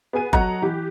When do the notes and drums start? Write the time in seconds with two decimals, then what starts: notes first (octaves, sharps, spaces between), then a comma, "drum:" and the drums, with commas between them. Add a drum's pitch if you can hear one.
0.13 B3 G#4 G#5 D#7
0.33 F#3 A4 D#5 F#5 A#5 F#6, drum: kick F#1
0.62 E3 G4